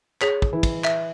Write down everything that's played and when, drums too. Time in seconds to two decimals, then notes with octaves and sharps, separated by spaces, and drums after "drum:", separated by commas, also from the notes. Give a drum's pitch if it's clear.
0.21 G#4 C#5 B6, drum: clap
0.42 drum: kick
0.53 E3 E4
0.63 drum: kick, cymbal
0.84 E5, drum: clap